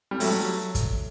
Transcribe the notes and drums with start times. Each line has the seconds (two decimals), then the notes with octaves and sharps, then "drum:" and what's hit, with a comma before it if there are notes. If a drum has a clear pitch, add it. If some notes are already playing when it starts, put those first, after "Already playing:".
0.11 G3
0.20 F#3 A3, drum: open hi-hat
0.75 drum: kick, hi-hat